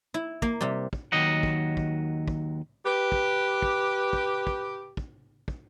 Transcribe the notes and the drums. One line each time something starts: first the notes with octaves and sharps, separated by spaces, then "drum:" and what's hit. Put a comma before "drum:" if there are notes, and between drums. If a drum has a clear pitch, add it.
E4
A#3, drum: kick
C3 G3
drum: kick
D#2 D#3 F#3 D#5 F#5
drum: kick
drum: kick
drum: kick
G4 B4
drum: kick
drum: kick
drum: kick
drum: kick
drum: kick
drum: kick